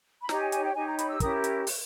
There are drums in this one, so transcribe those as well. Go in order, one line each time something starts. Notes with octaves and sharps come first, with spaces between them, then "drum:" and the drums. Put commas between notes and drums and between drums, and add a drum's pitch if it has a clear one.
B5
D#4 G4 C#5 A#5, drum: snare
G#5
G#5, drum: hi-hat
G5
D#4 G4 C#5 G#5
A#5
B5, drum: hi-hat
E6
C#4 E4 G4 A#4 D#6, drum: kick, hi-hat
drum: hi-hat
drum: open hi-hat